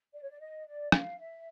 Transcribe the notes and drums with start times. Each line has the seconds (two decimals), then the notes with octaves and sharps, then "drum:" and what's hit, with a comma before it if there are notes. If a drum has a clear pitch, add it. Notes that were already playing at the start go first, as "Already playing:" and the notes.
0.14 D5
0.23 C#5
0.30 D5
0.40 D#5
0.67 D5
0.92 F5, drum: rim click
1.19 E5